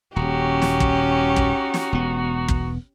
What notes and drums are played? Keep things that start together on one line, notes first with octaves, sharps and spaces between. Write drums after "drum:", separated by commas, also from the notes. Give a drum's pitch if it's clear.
D#1 C#4 D#4 F#4 G4
drum: snare
drum: kick
drum: kick
drum: snare
E1 B3
drum: kick